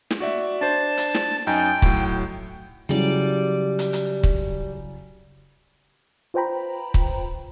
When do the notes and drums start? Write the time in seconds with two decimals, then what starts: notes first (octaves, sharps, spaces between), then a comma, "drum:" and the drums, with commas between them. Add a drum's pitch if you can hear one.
0.11 drum: snare
0.20 F#4 D5 E5
0.61 D4 C5 A5
0.97 drum: hi-hat
1.15 drum: snare
1.47 F#2 D#4 G5 G#5
1.82 A2 F#3, drum: kick C#1
2.89 C#3 F#3 G3 E4 D5
3.79 drum: hi-hat
3.93 drum: hi-hat
4.23 drum: kick C#1
6.34 F4 B4 C5 G5 A#5 B5
6.94 drum: kick C#1